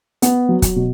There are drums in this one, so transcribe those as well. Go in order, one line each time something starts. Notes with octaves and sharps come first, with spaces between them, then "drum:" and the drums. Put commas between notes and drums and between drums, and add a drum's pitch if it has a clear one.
B3, drum: hi-hat
F#3
drum: kick, hi-hat
B2